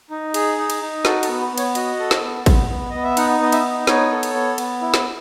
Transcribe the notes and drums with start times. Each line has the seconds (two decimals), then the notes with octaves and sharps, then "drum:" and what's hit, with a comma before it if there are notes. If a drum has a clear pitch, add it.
0.10 D#4
0.34 G#4, drum: cymbal
0.58 D#4
0.70 drum: cymbal
0.81 D#4
1.05 F#4 A4, drum: snare
1.23 A4, drum: cymbal
1.28 B3
1.40 B4
1.52 B3
1.58 C#5, drum: cymbal
1.75 F#4 D#5, drum: cymbal
1.99 A4
2.11 drum: snare
2.22 B3
2.46 B3, drum: kick, cymbal
2.70 B3
2.90 B3 D#5
3.04 E5
3.17 D#4 F#5, drum: cymbal
3.40 B3 D#5
3.52 E5, drum: cymbal
3.64 D#4
3.87 B3 C#5, drum: snare
4.11 A4
4.23 drum: cymbal
4.35 B3
4.58 B3, drum: cymbal
4.82 E4
4.94 drum: snare